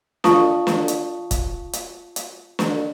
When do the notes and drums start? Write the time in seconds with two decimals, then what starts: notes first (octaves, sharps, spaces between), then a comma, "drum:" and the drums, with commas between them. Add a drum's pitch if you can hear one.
0.24 F4 F5 A5 C#6 D#6, drum: snare
0.67 drum: snare
0.88 drum: hi-hat
1.31 drum: kick, hi-hat
1.73 drum: hi-hat
2.16 drum: hi-hat
2.59 drum: snare